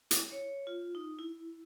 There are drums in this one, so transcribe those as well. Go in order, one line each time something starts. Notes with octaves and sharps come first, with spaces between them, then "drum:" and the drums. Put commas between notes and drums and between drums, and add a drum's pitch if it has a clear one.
E4, drum: hi-hat
C#5
F4
D#4
E4